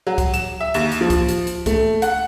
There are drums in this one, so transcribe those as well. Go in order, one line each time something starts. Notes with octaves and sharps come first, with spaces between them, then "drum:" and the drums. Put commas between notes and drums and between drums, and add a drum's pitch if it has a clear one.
F#3
drum: kick C#2, hi-hat
E7, drum: hi-hat
E5
D#2, drum: hi-hat
drum: hi-hat
F3
drum: kick C#2, hi-hat
drum: hi-hat
drum: hi-hat
A3, drum: kick C#2, hi-hat
F#5, drum: hi-hat